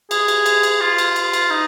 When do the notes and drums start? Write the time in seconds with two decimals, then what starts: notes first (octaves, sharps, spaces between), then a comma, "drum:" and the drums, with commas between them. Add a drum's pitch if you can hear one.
0.11 G#4, drum: cymbal
0.28 drum: cymbal
0.46 drum: cymbal
0.63 drum: cymbal
0.81 F4
0.98 drum: cymbal
1.16 drum: cymbal
1.33 drum: cymbal
1.51 D#4